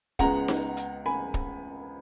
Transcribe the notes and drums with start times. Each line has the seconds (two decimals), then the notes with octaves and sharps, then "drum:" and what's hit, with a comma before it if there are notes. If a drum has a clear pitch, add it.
0.19 C#2 C#3 G#3 B3 F#5 A#5, drum: kick, hi-hat
0.48 drum: snare D#4
0.77 drum: hi-hat
1.06 G#5 B5
1.34 drum: kick